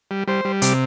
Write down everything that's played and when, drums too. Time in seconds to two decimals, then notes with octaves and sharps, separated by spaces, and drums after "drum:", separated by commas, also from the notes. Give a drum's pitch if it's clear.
0.11 G3
0.28 G3 C5
0.45 G3
0.62 C3 D5, drum: hi-hat